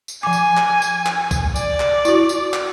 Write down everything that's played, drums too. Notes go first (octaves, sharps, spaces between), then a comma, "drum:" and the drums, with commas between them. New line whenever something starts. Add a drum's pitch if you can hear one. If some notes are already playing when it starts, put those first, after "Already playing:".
drum: tambourine
F3 G#5 D6
drum: tambourine
drum: clap
drum: tambourine
drum: clap
drum: kick B1, tambourine
D5, drum: tambourine
drum: clap
E4 F#4, drum: tambourine
drum: tambourine
drum: clap